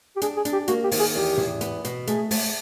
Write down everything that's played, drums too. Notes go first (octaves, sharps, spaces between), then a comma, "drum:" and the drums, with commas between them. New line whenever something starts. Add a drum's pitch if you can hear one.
G4
D4 G#4, drum: hi-hat
G#4
D4, drum: hi-hat
G4
A#3 F#4, drum: hi-hat
G4
D#3, drum: open hi-hat
G#4
E2 G4
E2, drum: tom
B3, drum: hi-hat
B2, drum: hi-hat
A3 G#4, drum: hi-hat
A3, drum: open hi-hat